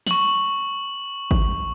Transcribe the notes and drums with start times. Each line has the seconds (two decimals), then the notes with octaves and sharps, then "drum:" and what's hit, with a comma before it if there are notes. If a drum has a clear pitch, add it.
0.07 C#6 F#7, drum: snare
1.31 drum: kick G#1